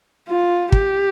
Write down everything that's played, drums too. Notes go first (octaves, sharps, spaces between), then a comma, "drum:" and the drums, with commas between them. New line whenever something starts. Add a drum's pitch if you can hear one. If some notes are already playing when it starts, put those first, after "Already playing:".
F4
G4, drum: kick